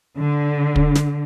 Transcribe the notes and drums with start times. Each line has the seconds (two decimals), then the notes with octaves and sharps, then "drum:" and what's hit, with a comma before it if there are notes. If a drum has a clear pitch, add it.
0.16 D3
0.76 drum: kick
0.95 drum: snare